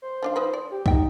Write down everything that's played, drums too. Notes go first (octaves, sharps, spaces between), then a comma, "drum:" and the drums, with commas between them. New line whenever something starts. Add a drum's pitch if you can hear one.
C5
F3 D4 F5
F3 D#4 B4
D5
G4
D#4 E5 G5, drum: kick C2